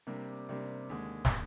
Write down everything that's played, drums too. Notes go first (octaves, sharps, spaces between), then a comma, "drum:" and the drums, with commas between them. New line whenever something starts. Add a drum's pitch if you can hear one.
C3 G3 A#3 D4
C3 G3 A#3 D4
D#2 D3 G#3
drum: snare